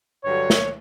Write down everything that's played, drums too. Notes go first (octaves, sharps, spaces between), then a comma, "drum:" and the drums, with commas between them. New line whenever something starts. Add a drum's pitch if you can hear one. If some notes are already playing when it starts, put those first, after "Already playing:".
G2 D3 F#3 C#5
drum: snare